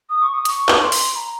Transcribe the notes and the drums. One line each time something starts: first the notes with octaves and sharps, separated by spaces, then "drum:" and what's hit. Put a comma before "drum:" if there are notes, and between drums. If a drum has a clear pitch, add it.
D#6
C#6
D#6
C#6, drum: hi-hat
drum: clap
C6
drum: open hi-hat
A#5